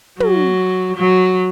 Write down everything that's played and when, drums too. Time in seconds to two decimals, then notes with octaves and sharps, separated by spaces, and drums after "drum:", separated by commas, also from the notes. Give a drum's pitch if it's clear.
0.20 F#3, drum: tom
0.96 F#3